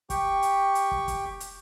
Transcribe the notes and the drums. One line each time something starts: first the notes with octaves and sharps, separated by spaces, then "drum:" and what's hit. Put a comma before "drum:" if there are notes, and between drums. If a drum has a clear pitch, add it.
G4 G5 C#6, drum: kick, hi-hat
drum: hi-hat
drum: hi-hat
drum: kick
drum: kick, hi-hat
drum: hi-hat